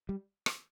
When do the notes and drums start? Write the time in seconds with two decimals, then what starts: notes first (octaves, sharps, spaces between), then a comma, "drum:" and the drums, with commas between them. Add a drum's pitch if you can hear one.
0.09 G3
0.46 drum: rim click